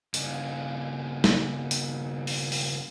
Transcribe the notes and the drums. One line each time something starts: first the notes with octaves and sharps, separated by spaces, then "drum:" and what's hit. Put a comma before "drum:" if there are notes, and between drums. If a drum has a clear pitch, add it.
G2 C#3, drum: hi-hat
drum: snare
drum: hi-hat
drum: open hi-hat
drum: open hi-hat